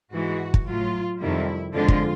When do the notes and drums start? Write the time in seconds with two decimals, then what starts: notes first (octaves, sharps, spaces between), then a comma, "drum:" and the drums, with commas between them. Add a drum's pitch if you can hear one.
0.13 G#2 E3 G#3 F#4
0.54 drum: kick
0.67 A2 F#3 F4
1.21 F2 C3 D#3 G3 E4
1.75 F2 D3 F3 G#3 F4
1.88 drum: kick